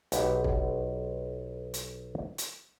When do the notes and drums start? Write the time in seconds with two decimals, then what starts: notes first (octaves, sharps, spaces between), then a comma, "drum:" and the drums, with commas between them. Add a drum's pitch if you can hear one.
0.12 B1 G4 B4 F#5, drum: hi-hat
0.44 drum: kick
1.74 drum: hi-hat
2.38 drum: hi-hat